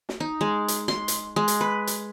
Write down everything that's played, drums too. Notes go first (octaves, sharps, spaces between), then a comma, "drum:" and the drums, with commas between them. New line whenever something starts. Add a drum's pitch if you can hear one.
drum: snare
D#4
G#3
drum: hi-hat
C6, drum: snare
drum: hi-hat
G#3
drum: hi-hat
B4
drum: hi-hat